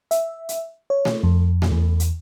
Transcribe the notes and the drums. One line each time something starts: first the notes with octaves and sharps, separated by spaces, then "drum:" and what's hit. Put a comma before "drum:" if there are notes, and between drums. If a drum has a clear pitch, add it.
E5, drum: hi-hat
drum: hi-hat
C#5
drum: snare A3
F2
drum: snare A3
E2
drum: hi-hat